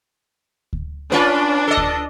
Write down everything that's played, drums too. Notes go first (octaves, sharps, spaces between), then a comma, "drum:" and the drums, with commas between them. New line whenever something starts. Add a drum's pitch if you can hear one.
drum: kick D2
C#4 D4 F4 B4
A4 D#5
drum: kick D2